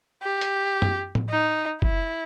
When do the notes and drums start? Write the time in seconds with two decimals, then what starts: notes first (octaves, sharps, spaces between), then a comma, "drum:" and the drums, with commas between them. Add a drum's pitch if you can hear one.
0.23 G4
0.41 drum: hi-hat
0.82 drum: tom F#2
1.15 drum: tom A2
1.29 D#4
1.82 E4, drum: kick F#1